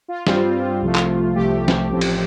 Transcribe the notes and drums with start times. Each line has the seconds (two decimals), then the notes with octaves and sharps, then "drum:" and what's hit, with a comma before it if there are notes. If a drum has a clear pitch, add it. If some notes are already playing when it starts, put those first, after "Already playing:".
0.08 F4
0.27 G2 G3 C4 F4, drum: snare
0.81 C2 C3 F3 A3
0.95 drum: clap
1.35 C2 C3 F3 A3 G4
1.68 drum: snare
1.89 A1 A2 F3 C4
2.01 drum: cymbal